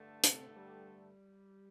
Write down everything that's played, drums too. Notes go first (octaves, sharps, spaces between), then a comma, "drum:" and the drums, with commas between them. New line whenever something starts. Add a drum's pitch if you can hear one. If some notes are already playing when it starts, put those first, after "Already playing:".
Already playing: G2 D3 A3
C3, drum: hi-hat
G3